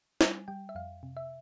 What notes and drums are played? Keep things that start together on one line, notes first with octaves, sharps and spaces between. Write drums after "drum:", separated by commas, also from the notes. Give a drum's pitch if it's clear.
G3 G#5, drum: snare
G3 G5
E5
F2 F5
C3
E5